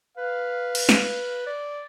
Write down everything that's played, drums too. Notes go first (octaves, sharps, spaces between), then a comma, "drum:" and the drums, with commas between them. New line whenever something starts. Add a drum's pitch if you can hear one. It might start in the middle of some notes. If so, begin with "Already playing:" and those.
B4 F5
drum: cymbal
drum: snare
D5